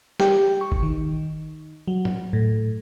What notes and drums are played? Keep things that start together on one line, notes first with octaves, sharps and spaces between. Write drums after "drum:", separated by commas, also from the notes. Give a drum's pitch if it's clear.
G4, drum: snare
C#6
drum: kick F#1
D#3
F#3
drum: tom
A2